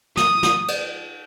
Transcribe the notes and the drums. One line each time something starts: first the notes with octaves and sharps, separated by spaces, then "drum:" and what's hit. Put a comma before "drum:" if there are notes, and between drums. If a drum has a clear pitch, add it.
D#6, drum: snare
drum: snare
drum: cymbal